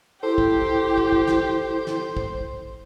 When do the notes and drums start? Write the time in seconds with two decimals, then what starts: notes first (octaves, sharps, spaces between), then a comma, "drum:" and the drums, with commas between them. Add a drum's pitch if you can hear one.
0.23 E4 G4 A4 C5
0.38 drum: kick
0.98 drum: kick
1.12 drum: kick
1.27 drum: snare
1.87 drum: snare
2.17 drum: kick